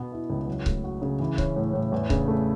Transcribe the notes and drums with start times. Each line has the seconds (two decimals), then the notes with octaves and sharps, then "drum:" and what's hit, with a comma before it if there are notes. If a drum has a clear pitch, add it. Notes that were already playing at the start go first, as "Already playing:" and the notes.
Already playing: B2 B3
0.12 E4
0.30 C#2
0.47 F#3
0.66 A3, drum: kick C#1
0.84 F#4
1.02 C#3
1.20 E3
1.38 C#4, drum: kick C#1
1.56 A2
1.73 A2
1.92 E2
2.10 C#3, drum: kick C#1
2.28 A3